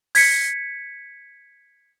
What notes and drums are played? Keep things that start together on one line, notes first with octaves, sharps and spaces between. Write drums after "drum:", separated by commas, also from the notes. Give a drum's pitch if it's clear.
G#6 B6 C#7, drum: open hi-hat